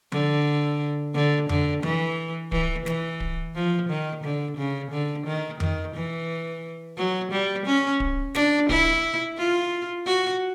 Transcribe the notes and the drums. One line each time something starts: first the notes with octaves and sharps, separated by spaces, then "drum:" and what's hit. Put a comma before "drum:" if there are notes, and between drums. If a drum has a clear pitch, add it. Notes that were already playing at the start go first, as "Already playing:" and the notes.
D3, drum: tom F3
D3
D3, drum: tom F2
E3, drum: tom F3
E3, drum: kick D1
E3, drum: snare
drum: kick D1
F3
D#3
D3
C#3
D3
D#3
D#3, drum: tom F2
E3
F#3
G3
C#4
drum: kick D1
D4, drum: snare
E4, drum: kick D1
F4
F#4